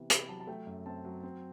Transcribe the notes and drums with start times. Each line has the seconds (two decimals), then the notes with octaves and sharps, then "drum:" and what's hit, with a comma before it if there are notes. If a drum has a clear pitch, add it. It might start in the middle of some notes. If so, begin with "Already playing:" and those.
Already playing: C3 E3 B3
0.10 C3 B5, drum: hi-hat
0.29 F#3 A5
0.40 A5
0.47 A3 G5
0.67 F#2
0.86 C4 A5
1.05 F#3
1.23 C4